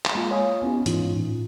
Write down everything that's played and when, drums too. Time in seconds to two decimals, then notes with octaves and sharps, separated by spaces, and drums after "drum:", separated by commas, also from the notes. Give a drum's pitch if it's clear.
0.05 drum: clap
0.15 G#3 A#3 F4
0.31 C#5 D#5 F5 G#5 D#6
0.63 B3 C#4 E4 G4
0.86 G#2 E3 C#4 D#4 F4, drum: hi-hat
1.14 A2